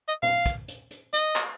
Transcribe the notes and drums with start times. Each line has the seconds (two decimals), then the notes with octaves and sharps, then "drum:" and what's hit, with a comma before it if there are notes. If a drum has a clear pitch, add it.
0.08 D#5
0.23 F5, drum: tom A#2
0.46 drum: kick, hi-hat
0.68 drum: hi-hat
0.91 drum: hi-hat
1.13 D#5, drum: hi-hat
1.36 drum: clap